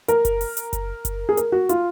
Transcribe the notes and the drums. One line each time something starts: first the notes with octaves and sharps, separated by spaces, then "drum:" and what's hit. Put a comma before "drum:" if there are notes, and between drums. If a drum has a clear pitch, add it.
A#4, drum: hi-hat
drum: kick F#1, hi-hat
drum: open hi-hat
drum: hi-hat
drum: kick F#1, hi-hat
drum: kick F#1, hi-hat
G#4
A#4, drum: hi-hat
F#4
F4, drum: hi-hat